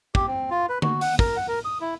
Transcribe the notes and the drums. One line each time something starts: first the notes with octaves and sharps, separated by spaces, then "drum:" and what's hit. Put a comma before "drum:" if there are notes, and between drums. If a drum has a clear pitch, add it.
G4, drum: kick
C4
F4
B4
F#4, drum: tom D3
F#5, drum: open hi-hat
A#4, drum: kick
F#5
A#4
D#6
E4